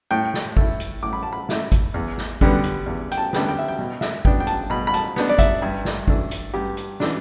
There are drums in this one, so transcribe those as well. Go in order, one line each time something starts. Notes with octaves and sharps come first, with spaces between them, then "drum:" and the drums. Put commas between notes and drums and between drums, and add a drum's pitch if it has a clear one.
A2 G5
drum: snare
A3 E4, drum: kick G#1
drum: hi-hat
A2 D6
B5
A5
B5
A3 E4, drum: snare
drum: kick G#1, hi-hat
E2
drum: snare
D3 G3 B3, drum: kick G#1
drum: hi-hat
E2
G5, drum: hi-hat
A5
D3 G3 B3, drum: snare
G5
E5
G5
B2
E5, drum: snare
B3 D4 G5, drum: kick G#1
G5
A5, drum: hi-hat
B2 B5
B5
A5, drum: hi-hat
B3 D4, drum: snare
D5
E5, drum: kick G#1, hi-hat
G2
drum: snare
E3 A3 D4, drum: kick G#1
drum: hi-hat
G2 G4
drum: hi-hat
E3 A3 D4, drum: snare